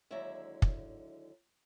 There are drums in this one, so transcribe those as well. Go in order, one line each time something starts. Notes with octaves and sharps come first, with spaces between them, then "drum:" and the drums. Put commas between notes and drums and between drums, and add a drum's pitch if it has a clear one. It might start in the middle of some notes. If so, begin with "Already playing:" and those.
D#2 D3 F#3 G#3 E4 E5
drum: kick